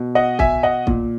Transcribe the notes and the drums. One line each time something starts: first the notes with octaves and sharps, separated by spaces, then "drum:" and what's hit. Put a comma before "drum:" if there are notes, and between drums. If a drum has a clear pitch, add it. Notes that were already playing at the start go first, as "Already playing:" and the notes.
Already playing: B2
D#5 F#5
E5 G#5, drum: kick
D#5 F#5
A#2, drum: kick